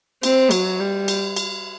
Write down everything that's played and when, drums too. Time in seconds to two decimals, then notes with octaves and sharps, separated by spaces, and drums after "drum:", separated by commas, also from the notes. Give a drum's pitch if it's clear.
0.23 C4, drum: cymbal
0.51 F#3, drum: cymbal
0.80 G3
1.08 drum: cymbal
1.36 drum: cymbal